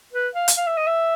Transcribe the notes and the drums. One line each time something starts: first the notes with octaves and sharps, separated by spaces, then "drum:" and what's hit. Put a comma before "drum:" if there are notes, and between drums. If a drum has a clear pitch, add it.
B4
F5
drum: hi-hat
F5
E5
D#5
E5